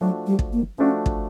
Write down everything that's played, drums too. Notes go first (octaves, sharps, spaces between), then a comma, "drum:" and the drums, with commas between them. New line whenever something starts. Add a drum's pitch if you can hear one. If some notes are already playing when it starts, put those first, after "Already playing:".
F3 F#3 A3 D4 F#4
G3
drum: kick
A#3
F3 A3 C#4 D4 F#4
drum: kick